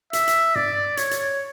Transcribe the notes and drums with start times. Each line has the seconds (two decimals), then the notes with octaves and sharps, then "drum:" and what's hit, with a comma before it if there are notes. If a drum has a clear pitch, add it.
0.13 E5, drum: hi-hat
0.27 drum: hi-hat
0.55 D5, drum: tom G2
0.97 C#5, drum: hi-hat
1.11 drum: hi-hat